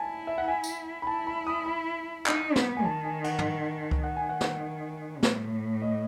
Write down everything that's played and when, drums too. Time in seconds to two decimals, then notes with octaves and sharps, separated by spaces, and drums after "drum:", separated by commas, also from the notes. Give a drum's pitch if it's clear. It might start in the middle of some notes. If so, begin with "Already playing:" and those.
Already playing: E4 G#5 A5
0.27 E5
0.38 F#5
0.48 G#5
0.64 drum: tambourine
1.02 B5
1.07 E4 A5
1.27 B5
1.47 D#6
1.66 B5
2.26 D#4, drum: clap
2.56 B3, drum: snare
2.77 G#5
2.84 D#3 A5
3.05 G#5
3.24 F#5, drum: cymbal
3.38 drum: tom
3.91 drum: kick C#2
4.03 D#3 F#5
4.16 G#5
4.29 F#5
4.41 drum: snare
5.23 A2, drum: snare
5.82 D#5